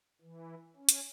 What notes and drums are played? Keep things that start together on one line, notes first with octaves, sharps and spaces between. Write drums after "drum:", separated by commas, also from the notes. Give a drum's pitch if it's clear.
E3
C#4
drum: hi-hat